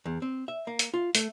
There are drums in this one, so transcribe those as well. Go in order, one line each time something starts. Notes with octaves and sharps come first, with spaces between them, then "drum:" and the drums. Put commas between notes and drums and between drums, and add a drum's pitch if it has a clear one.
E2
C4
E5
A#3
drum: hi-hat
F4
A3, drum: hi-hat